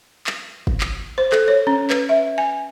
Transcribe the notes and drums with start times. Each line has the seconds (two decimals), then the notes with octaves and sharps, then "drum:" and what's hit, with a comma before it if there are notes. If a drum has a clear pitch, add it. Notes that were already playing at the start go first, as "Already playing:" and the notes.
0.27 drum: clap
0.67 drum: kick
0.81 drum: clap
1.18 C5
1.32 A4, drum: clap
1.48 C#5
1.67 C#4
1.90 B4, drum: clap
2.09 E5
2.38 G#5